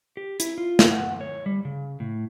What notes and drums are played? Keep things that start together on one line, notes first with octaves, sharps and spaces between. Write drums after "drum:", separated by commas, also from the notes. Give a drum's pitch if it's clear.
G4
E4, drum: hi-hat
F4
drum: snare
F#5
C#5
G3
C#3
A2